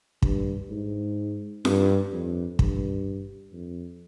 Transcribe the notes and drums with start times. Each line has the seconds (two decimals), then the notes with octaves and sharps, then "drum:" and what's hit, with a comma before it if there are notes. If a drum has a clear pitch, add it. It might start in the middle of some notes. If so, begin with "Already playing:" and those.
0.22 G2, drum: kick
0.70 G#2
1.65 G2, drum: snare F4
2.12 F2
2.59 G2, drum: kick
3.53 F2